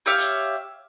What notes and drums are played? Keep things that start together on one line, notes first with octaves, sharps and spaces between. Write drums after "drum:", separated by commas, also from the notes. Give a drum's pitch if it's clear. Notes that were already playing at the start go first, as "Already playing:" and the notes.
G4 C#5 E5 F5
drum: hi-hat